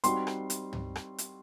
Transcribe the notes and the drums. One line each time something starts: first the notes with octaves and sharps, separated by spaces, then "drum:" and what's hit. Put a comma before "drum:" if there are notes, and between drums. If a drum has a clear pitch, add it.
G3 C4 D#4 F#4 C6, drum: hi-hat
drum: rim click
drum: hi-hat
drum: tom
drum: rim click
drum: hi-hat